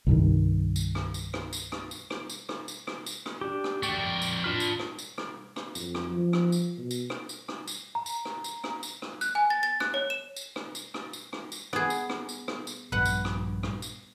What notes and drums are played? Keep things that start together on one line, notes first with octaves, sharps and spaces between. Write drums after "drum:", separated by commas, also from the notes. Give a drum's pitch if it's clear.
C2 G2 D#3
drum: tambourine
drum: rim click
drum: tambourine
drum: rim click
drum: tambourine
drum: rim click
drum: tambourine
drum: rim click
drum: tambourine
drum: rim click
drum: tambourine
drum: rim click
drum: tambourine
drum: rim click
D4 G4
drum: rim click
A3 F#4 D5 G5 C#6, drum: tambourine
F2 A#4
drum: tambourine
D4 F4 B4 A5 F6
drum: tambourine
drum: rim click
drum: tambourine
drum: rim click
drum: rim click
F2, drum: tambourine
drum: rim click
F3
drum: rim click
drum: tambourine
B2
drum: tambourine
drum: rim click
drum: tambourine
drum: rim click
drum: tambourine
A#5
drum: tambourine
drum: rim click
drum: tambourine
drum: rim click
drum: tambourine
drum: rim click
F#6, drum: tambourine
G#5
A6
A6
F#6, drum: rim click
C#5
E7
drum: tambourine
drum: rim click
drum: tambourine
drum: rim click
drum: tambourine
drum: rim click
drum: tambourine
B3 G#4, drum: rim click
drum: tambourine
drum: rim click
drum: tambourine
drum: rim click
drum: tambourine
A#1 G2 B4 F#5
drum: tambourine
drum: rim click
drum: rim click
drum: tambourine